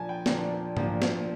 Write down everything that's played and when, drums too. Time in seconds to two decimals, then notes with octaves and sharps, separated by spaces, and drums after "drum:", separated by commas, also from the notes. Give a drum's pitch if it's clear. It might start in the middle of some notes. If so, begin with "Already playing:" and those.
Already playing: A#2 F3 A#3 D4 G#5 A5
0.09 G5
0.26 A#2 F3 A#3 D4, drum: snare
0.77 A#2 F3 A#3 D4, drum: tom G#2
1.02 drum: snare